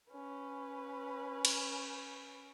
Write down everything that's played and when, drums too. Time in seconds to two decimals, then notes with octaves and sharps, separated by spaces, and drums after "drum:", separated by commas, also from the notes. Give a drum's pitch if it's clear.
0.12 C#4 B4
1.45 drum: cymbal